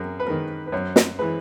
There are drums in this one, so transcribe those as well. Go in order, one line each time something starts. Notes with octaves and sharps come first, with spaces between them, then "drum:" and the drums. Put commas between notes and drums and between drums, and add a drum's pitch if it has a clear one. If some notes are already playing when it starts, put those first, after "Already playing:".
Already playing: F#2 G#4 A#4
B4
D#3 G#3 A#4
B4
F#2 C#5
drum: snare
E3 G#3 B4